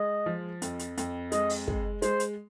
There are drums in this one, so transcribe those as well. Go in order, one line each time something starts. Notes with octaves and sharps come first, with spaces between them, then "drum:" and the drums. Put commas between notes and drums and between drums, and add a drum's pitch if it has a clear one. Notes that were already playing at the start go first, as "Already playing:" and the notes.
Already playing: G#3 D#5
F3
F2, drum: hi-hat
drum: hi-hat
F2, drum: hi-hat
G#3 D#5, drum: hi-hat
drum: open hi-hat
G#3, drum: kick
G#3 C5, drum: hi-hat
drum: hi-hat